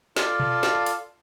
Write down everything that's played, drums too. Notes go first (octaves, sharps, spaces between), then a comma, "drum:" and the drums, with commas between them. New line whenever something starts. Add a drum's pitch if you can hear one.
F4 A4 D5 F5 A5, drum: snare
drum: tom B2
drum: snare
drum: hi-hat